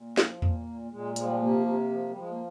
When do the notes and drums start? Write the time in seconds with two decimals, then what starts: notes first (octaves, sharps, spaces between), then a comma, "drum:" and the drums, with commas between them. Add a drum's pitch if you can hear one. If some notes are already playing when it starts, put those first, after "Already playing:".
Already playing: A#2
0.17 F3, drum: snare
0.42 A#2 A#3, drum: tom E2
0.67 A#2
0.92 A#2 G#3
1.16 F3 G#3, drum: hi-hat
1.24 G3
1.32 G#3
1.41 C3 A#3
1.66 C3
1.90 F3
2.09 G3
2.15 F3 G#3
2.30 A#3